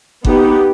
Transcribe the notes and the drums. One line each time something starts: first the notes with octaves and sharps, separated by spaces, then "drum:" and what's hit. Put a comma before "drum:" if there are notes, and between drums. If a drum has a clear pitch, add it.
B3 D#4 G4, drum: kick G1